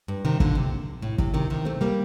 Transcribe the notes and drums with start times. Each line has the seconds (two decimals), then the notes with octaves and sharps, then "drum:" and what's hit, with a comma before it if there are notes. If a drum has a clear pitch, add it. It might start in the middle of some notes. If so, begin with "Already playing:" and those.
0.08 G2
0.25 C3 D#3
0.40 A#2 D3, drum: kick
0.55 C3
1.02 A2
1.18 C3, drum: kick
1.34 C3 D#3
1.50 C3 D#3
1.65 A3 C4
1.81 G3 A#3